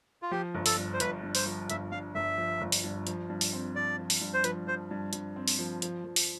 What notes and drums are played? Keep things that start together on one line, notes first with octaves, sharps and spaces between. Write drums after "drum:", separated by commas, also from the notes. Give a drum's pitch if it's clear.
F4
F3 G4
G1
A4, drum: open hi-hat
G2
C5
G1 B4, drum: hi-hat
G2
C5, drum: open hi-hat
F3
G1 E5, drum: hi-hat
G2 F5
G1 E5
F3
G1
drum: open hi-hat
G2
F3, drum: hi-hat
G2
drum: open hi-hat
C4
F3 D5
F3
drum: open hi-hat
G2
C5
F3 B4, drum: hi-hat
F3 C5
G2
G2, drum: hi-hat
C4
drum: open hi-hat
F3
F3, drum: hi-hat
F3
drum: open hi-hat